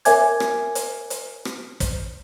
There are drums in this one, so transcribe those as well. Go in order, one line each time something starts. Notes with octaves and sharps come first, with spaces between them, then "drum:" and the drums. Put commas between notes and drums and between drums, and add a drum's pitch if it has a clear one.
A#4 C#5 E5 G#5 D6 G#6, drum: hi-hat
drum: rim click
drum: hi-hat
drum: hi-hat
drum: rim click
drum: kick, hi-hat